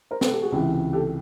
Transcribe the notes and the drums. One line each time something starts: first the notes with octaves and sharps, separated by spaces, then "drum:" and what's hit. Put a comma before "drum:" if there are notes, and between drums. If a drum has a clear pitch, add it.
A#4 C5
A4 B4, drum: snare
G4 A4
F#4 G#4
C#2 C3 E3
G4 A4